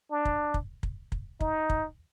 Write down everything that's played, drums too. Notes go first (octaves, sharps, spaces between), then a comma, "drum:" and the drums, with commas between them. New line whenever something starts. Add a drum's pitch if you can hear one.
D4
drum: kick
drum: kick
drum: kick
drum: kick
D#4, drum: kick
drum: kick